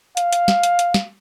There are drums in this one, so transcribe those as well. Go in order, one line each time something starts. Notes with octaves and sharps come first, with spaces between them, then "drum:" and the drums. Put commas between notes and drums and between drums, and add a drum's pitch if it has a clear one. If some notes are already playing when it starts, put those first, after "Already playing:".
F5, drum: hi-hat
drum: hi-hat
drum: snare
drum: hi-hat
drum: hi-hat
drum: snare